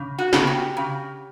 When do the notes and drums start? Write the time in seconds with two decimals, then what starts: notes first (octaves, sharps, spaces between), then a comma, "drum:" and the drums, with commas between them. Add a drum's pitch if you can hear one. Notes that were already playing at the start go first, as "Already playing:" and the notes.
Already playing: C#3
0.18 F#4
0.33 C#3, drum: snare
0.47 G4
0.77 C#3